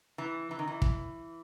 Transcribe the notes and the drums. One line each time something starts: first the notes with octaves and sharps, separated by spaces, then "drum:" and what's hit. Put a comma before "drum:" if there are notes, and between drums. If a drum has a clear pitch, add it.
E3
E3
D#3
E3
drum: kick